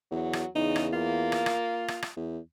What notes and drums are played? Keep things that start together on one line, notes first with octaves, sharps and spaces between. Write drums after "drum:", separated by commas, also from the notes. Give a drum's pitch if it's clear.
E2 F#3
drum: rim click
E2 C#3 D#4
drum: rim click
A#3 F4
drum: rim click
drum: rim click
drum: rim click
drum: rim click
E2